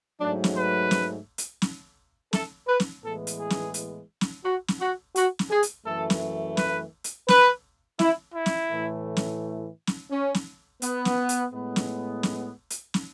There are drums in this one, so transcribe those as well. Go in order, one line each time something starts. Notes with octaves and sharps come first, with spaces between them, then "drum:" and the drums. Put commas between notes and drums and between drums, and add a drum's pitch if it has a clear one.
G#2 F#3 A3 D4
drum: snare
B4
drum: snare
drum: hi-hat
drum: snare
A4, drum: snare
B4
drum: snare
A2 E3 G#3 B3 A4
drum: hi-hat
G#4
drum: snare
drum: hi-hat
drum: snare
F#4
drum: snare
F#4
F#4, drum: hi-hat
drum: snare
G#4
drum: hi-hat
F#2 E3 A3 A4
drum: snare
B4, drum: snare
drum: hi-hat
B4, drum: snare
E4, drum: snare
E4
drum: snare
A2 E3 A3
drum: snare
drum: snare
C#4
drum: snare
B3, drum: hi-hat
drum: snare
drum: hi-hat
A2 G#3 B3
drum: snare
drum: snare
drum: hi-hat
drum: snare